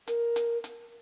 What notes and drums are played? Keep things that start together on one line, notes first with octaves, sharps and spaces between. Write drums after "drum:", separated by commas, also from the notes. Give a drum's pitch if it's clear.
A#4, drum: hi-hat
drum: hi-hat
drum: hi-hat